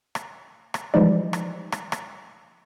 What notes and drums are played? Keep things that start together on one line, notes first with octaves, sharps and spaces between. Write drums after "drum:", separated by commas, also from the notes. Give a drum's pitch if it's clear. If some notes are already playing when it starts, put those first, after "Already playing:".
drum: rim click
drum: rim click
E3 F3 G3 G#3 D#4 D5
drum: rim click
drum: rim click
drum: rim click